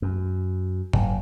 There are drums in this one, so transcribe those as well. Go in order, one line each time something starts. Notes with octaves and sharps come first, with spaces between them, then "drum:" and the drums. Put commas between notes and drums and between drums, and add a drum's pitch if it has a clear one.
F#2
F#1, drum: tom G#2